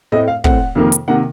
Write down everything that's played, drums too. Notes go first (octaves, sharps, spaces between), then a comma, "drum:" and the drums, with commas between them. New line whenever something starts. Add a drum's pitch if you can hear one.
A2 A3 C4 D#5
F5
A2 A3 C4 F#5, drum: kick
F2 C3 D#3 A#3
drum: hi-hat
C3 D#3 A#3 F#5